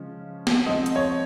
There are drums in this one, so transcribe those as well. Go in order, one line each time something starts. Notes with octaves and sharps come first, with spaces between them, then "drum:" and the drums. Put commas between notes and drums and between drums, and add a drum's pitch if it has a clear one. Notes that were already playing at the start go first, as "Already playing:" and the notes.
Already playing: C#3 F3 G#3 C#4
drum: snare
F3 G#3 C4 D#5
drum: hi-hat
C#5